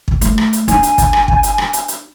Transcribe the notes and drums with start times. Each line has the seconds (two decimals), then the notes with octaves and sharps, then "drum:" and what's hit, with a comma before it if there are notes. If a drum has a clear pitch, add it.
0.08 drum: kick
0.21 A3, drum: hi-hat
0.38 drum: rim click
0.53 drum: hi-hat
0.68 D4 G#5, drum: hi-hat
0.83 drum: hi-hat
0.98 drum: kick, hi-hat
1.13 drum: rim click
1.28 drum: kick
1.43 drum: hi-hat
1.58 drum: rim click
1.73 drum: hi-hat
1.88 drum: hi-hat